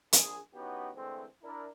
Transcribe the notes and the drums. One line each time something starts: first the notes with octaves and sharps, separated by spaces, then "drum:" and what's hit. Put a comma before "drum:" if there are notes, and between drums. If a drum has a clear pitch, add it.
A#1 G#4, drum: hi-hat
E3 B3 C#4 D#4 F#4 G4
D3 E3 G#3 A3 C4
D4 E4 A#4